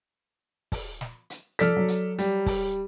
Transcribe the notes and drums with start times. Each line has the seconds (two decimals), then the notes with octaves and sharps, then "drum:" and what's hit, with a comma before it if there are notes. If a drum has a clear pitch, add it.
0.72 drum: kick, open hi-hat
1.01 drum: snare
1.30 drum: hi-hat
1.59 F3 A4 D5 F6 B6, drum: hi-hat
1.77 F#3
1.88 drum: hi-hat
2.19 G3, drum: hi-hat
2.46 drum: kick, open hi-hat